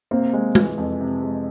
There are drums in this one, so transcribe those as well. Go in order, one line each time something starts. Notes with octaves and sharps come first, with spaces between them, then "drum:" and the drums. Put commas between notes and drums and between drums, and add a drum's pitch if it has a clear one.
C3 A#3 C4
G#3
E3, drum: tom G#3
F2
C3
G#3